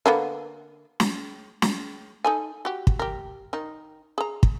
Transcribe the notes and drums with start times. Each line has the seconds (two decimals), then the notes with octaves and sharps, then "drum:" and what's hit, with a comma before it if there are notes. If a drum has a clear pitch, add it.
0.06 D3 A#3 B3
1.00 drum: snare
1.62 drum: snare
2.24 D#4 A4 G#5
2.65 F#4 G4
2.87 drum: kick
2.99 G4 A#4
3.53 D#3 D#4
4.18 G#4 A#5
4.43 drum: kick